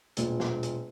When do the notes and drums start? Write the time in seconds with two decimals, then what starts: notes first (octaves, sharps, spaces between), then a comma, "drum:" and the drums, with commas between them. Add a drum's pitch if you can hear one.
0.17 E1 A#2, drum: hi-hat
0.40 drum: snare
0.63 drum: hi-hat